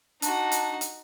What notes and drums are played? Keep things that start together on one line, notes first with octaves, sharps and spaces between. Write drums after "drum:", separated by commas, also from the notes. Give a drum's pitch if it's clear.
D4 D#4 F#4, drum: hi-hat
drum: hi-hat
drum: hi-hat